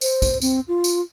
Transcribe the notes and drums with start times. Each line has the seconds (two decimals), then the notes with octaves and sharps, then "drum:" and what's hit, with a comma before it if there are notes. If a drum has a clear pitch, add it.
0.01 C5, drum: tambourine
0.22 drum: kick, tambourine
0.42 C4, drum: tambourine
0.68 F4
0.84 drum: tambourine